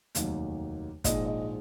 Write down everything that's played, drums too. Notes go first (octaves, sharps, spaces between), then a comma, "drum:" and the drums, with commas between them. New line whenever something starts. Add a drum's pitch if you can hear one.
F1 D#2 D#3 F#3, drum: hi-hat
A#1 G#2 D#3 G#3 D#5, drum: kick, hi-hat
D#5